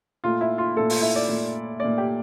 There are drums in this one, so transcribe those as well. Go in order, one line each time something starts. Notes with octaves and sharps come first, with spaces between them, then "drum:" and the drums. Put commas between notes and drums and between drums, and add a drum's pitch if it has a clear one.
A#2 A3 F4
E4
F4
A#2 A3 A4
F4, drum: open hi-hat
E4
D5
A#2 A3
A#2 A3 D5
G4